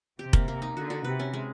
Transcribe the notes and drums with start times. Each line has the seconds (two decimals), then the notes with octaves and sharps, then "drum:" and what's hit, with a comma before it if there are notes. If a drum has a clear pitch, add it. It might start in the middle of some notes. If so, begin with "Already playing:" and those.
0.19 C3 G4
0.33 A#3, drum: kick F1
0.48 A#3
0.62 D#4
0.77 D3 F#4
0.90 F#4
1.04 C3 B4
1.19 C#4
1.33 G#3